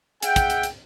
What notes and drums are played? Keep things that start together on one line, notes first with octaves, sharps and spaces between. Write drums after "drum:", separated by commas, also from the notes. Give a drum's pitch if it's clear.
G#4 E5 F#5 G5, drum: hi-hat
drum: kick, hi-hat
drum: hi-hat
drum: hi-hat